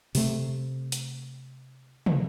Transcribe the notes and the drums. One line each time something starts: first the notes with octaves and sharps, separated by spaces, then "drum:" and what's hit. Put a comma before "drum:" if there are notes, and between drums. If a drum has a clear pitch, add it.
C3 A3, drum: open hi-hat
drum: hi-hat
drum: tom